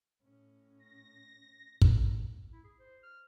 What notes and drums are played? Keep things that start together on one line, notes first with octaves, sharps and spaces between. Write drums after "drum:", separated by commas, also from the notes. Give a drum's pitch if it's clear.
A2 C#4
A#6
drum: kick
E4
G#4
C5
F6